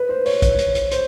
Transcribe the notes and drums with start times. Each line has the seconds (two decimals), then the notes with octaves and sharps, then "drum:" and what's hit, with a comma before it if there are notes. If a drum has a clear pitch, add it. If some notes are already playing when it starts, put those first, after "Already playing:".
Already playing: B4
0.09 C5
0.26 C#5, drum: open hi-hat
0.42 drum: kick, hi-hat
0.59 drum: hi-hat
0.75 drum: hi-hat
0.92 C5, drum: hi-hat